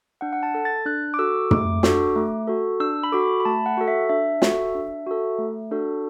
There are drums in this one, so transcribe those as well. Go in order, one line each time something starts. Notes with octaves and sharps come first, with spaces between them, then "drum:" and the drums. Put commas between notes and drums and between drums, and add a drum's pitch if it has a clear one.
D4 F#5
F#5
A5
A4
A6
D4 F#6
D6
F#4 A4 E6
A3 D6, drum: tom
D4 F#4 A4, drum: snare
A3
F#4 A4
D4 E6
B5
F#4 A4 D6
B5
A3 A5
F#5
F#4 A4
E5
D4 E5
F#4 A4, drum: snare
D4
F#4 A4
A3
D4 F#4 A4